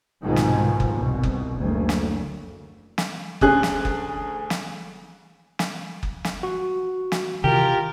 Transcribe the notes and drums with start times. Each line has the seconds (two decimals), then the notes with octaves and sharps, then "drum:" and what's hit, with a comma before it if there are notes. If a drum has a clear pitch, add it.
0.22 C2 G#2 B2 D#3 F3 G#3
0.36 drum: snare
0.80 drum: kick F#1
0.93 C2 B2
1.23 drum: kick F#1
1.59 F#1 D2
1.89 drum: snare
2.98 drum: snare
3.41 D2 C#4 G#4 F#6, drum: kick F#1
3.63 drum: snare
3.85 drum: kick F#1
4.50 drum: snare
5.59 drum: snare
6.03 drum: kick F#1
6.24 drum: snare
6.43 F#4
7.12 drum: snare
7.44 C3 D#3 E3 F4 G4 A#4